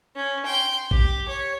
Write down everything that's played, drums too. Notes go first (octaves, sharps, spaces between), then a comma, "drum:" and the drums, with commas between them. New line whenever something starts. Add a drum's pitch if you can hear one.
C#4
G5 C6
G4, drum: kick
C#5